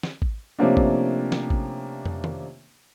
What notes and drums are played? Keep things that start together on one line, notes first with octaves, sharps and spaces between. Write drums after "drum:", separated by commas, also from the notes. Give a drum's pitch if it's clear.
drum: snare
drum: kick A1
C3 F3 A3 A#3 C#4 D4
drum: kick A1
drum: snare
drum: kick A1
drum: tom
drum: tom